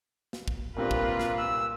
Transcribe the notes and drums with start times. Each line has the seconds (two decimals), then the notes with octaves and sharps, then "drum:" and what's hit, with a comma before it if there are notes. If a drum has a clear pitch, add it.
0.33 drum: snare
0.48 drum: kick
0.76 C2 G2 A#2 A#3 C4 F4 B4
0.91 drum: kick
1.20 drum: snare
1.39 E6